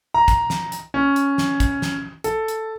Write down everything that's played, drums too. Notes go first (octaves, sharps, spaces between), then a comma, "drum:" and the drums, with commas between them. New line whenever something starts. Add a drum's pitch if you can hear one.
A#5
drum: kick, hi-hat
drum: snare
drum: hi-hat
C#4
drum: hi-hat
drum: snare
drum: kick, hi-hat
drum: snare
A4, drum: hi-hat
drum: hi-hat